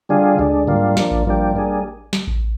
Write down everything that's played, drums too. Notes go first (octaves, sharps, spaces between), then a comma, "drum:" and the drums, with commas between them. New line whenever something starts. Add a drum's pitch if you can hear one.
D3 G3 D4 F4 G#4
D2 D3 G#3 D4
G#2 G3 A#3 D4 F4
F3 A#3 D4, drum: snare
drum: kick A1
G2 F3 A#3 D4 G4
G3 A#3 D4 G#4
drum: snare
drum: kick A1